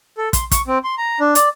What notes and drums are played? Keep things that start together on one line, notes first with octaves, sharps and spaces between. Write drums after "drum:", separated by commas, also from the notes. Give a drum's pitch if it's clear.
A4
C6, drum: kick, hi-hat
C#6, drum: kick, hi-hat
C4
C6
A#5
D4
D5, drum: hi-hat